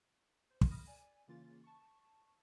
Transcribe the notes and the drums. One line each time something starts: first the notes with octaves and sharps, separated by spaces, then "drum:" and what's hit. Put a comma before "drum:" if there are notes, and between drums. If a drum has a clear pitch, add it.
C5
drum: kick
B5 D#6 F6 A#6
D5 G#5
C#3 E3 A#3 C#4 F4 A6
A5 C#6